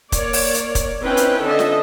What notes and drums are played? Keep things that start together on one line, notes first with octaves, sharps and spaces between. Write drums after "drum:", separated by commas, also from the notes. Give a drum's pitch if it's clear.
A#3 C#5 D5, drum: kick, hi-hat
drum: open hi-hat
drum: hi-hat
drum: kick, hi-hat
C4 C#4 D#4 E4 B4 G5
drum: hi-hat
D3 A4 D#5 E5
drum: snare F4